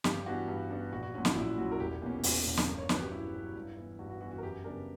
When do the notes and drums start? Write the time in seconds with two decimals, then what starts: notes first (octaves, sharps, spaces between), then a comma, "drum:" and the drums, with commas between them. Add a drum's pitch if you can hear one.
0.04 G2 G4, drum: snare
0.26 E3 B3 D4 F#4
0.48 G2
0.70 E3 B3 D4
0.92 A#1 F#4
1.03 F#4
1.14 A#2 F#3 C#4 F#4
1.25 E4, drum: snare
1.35 A#1 E4
1.58 A#2 F#3 C#4 F#4
1.72 A#4
1.80 E1 G4
2.02 E2 B2 A#3 C#4
2.23 E1, drum: open hi-hat
2.46 E2 B2 A#3 C#4
2.57 drum: snare
2.67 G2 A#4
2.78 C#5
2.89 F#3 C#4 B4, drum: snare
3.01 G4
3.11 G2 E4
3.33 F#3 C#4
3.56 G2
3.77 E3 B3
3.99 G2 F#4
4.10 F#4
4.21 E3 B3 F#4
4.32 F#4
4.38 A#4
4.43 F#2 G4
4.64 C#3 G3 B3 D4 A#4